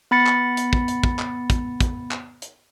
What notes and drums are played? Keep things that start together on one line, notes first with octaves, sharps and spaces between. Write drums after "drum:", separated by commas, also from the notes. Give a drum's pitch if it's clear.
B3 B5 A6 C#7
drum: clap
drum: hi-hat
drum: kick
drum: hi-hat
drum: kick
drum: clap
drum: kick, hi-hat
drum: kick, hi-hat
drum: clap
drum: hi-hat